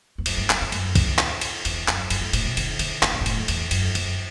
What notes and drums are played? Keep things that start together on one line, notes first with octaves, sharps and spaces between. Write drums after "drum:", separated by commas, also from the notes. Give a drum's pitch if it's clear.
E2
F#2, drum: cymbal
G2
F#2, drum: clap
E2
F#2, drum: cymbal
drum: kick, cymbal
drum: clap
drum: cymbal
E2, drum: cymbal
F#2, drum: clap
G2, drum: cymbal
G2
A2, drum: cymbal
B2
D3, drum: cymbal
D3, drum: cymbal
C#3, drum: clap
B2
G2
A2, drum: cymbal
F#2
E2, drum: cymbal
F#2, drum: cymbal
F#2, drum: cymbal